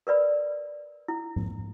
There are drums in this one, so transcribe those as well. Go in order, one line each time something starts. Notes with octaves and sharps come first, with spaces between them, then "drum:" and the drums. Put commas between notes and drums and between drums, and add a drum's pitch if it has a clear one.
A#4 B4 D5 B5
E4
drum: tom G#2